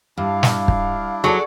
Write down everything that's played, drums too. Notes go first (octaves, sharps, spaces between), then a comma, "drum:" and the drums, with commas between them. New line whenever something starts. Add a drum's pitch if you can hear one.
G2 D4 E4 F5
drum: snare
drum: kick
F#3 G#4 A4 D5